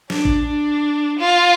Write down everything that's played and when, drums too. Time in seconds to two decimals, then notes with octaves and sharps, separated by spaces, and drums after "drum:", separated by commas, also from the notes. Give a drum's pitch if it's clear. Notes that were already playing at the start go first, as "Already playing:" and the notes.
0.10 D4, drum: snare
0.25 drum: kick G#1
0.46 D4
1.19 F4